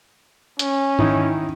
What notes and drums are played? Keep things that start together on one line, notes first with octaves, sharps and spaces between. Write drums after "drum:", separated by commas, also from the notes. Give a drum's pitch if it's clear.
C#4, drum: hi-hat
D#3 D#4 E4, drum: tom G#2